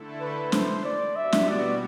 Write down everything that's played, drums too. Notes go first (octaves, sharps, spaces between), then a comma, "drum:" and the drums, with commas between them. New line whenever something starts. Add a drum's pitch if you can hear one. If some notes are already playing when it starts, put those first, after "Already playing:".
Already playing: D3 A3 E4 A4
B4
C5, drum: snare
D5
B2 G3 B3 F#4 E5
drum: snare
D5